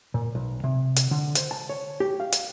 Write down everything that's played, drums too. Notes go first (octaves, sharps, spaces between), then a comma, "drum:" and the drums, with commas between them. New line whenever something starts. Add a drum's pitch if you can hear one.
A#2
B1
C3
drum: hi-hat
D3
C5, drum: hi-hat
A5
C#5
G4
F5
drum: hi-hat